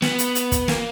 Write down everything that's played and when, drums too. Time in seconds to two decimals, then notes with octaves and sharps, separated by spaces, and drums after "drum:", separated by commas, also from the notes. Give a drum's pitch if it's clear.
0.02 B3, drum: snare
0.19 drum: hi-hat
0.35 drum: hi-hat
0.52 drum: kick, hi-hat
0.68 A#3, drum: snare